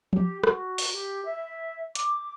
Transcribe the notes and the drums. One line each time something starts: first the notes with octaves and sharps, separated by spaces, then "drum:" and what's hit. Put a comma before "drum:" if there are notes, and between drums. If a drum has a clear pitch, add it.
G4, drum: tom F3
F#4, drum: rim click
drum: open hi-hat
G4
E5
D6, drum: hi-hat